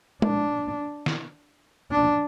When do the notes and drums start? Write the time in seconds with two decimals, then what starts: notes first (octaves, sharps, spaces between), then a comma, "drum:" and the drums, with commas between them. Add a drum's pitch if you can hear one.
0.22 D4, drum: tom G#3
1.06 drum: snare
1.91 D4